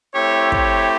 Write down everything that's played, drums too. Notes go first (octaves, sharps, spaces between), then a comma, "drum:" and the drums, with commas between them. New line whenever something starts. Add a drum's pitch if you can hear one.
A3 C4 E4 G4 C#5
C#5, drum: kick